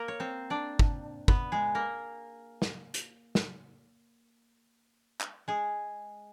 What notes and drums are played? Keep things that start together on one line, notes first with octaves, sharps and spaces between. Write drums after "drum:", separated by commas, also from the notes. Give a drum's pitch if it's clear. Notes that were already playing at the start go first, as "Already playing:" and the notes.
Already playing: A#3 A#4
C#5
C4 C5
D4 D5
drum: kick
B3 B4, drum: kick
G#3 G#4
A#3 A#4
drum: snare
drum: hi-hat
drum: snare
drum: clap
G#3 G#4